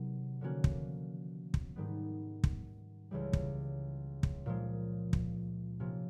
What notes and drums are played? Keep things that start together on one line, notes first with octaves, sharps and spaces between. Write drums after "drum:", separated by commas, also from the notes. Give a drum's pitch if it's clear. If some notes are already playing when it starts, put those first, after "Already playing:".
Already playing: C3 D#3 F#3 B3
D3 F3 A#3 C#4 F#4
drum: kick
drum: kick
G#2 D#3 G3 B3
drum: kick
C#2 C#3 E3 G3
drum: kick
drum: kick
A#2 F3 G#3
drum: kick
C3 F3 A#3 C#4